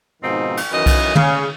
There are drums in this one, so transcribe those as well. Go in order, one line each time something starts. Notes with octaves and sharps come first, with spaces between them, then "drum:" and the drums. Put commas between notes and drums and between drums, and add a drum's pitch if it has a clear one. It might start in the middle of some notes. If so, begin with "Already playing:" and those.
G#2 B2 D#3 F3 C4 D#4
drum: cymbal
F#2 D#3 E3 B4 D#5
drum: kick B1, cymbal
C#3, drum: tom